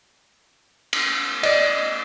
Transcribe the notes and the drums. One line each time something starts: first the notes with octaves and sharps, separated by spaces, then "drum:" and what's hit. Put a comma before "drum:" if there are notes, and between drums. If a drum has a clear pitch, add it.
drum: cymbal
D5 D#5, drum: cymbal